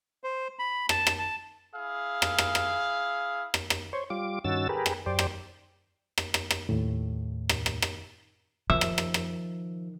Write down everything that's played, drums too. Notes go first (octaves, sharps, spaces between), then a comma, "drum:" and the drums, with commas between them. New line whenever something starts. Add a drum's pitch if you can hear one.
C5
B5
A5, drum: rim click
drum: rim click
A5
E4 G#4 F5
drum: rim click
drum: rim click
drum: rim click
drum: rim click
drum: rim click
C5 C#5
G3 F4 D6
G2 D#3 C#4 F#4 E6 A6
G4 G#4 A#4 B4
drum: rim click
F#2 G4 C5 D5
drum: rim click
drum: rim click
drum: rim click
drum: rim click
D#2 A2
drum: rim click
drum: rim click
drum: rim click
D#3 F3 E5 E6
drum: rim click
drum: rim click
drum: rim click